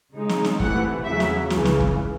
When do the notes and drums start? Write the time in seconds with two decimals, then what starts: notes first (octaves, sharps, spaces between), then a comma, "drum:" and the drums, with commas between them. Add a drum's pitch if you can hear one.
0.14 C#3 G#3 D#4
0.29 drum: snare
0.44 drum: snare
0.60 C3 E3 A3 F#5, drum: kick
1.05 E2 C#3 F#3 E5
1.20 drum: snare
1.50 C#2 C#3 E3, drum: snare
1.65 drum: snare
1.80 drum: kick